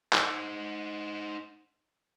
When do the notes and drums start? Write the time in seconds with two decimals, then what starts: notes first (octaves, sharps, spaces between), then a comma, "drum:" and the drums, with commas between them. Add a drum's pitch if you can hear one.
0.13 D#4 C5, drum: clap